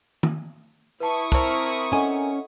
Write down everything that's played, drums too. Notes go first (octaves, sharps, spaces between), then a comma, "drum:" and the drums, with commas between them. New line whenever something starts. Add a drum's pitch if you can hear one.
drum: tom D#3
E4 B4 A5 C#6 D#6
C4 A#4 A5, drum: kick
C#4 A4 D#5 F#5 G#5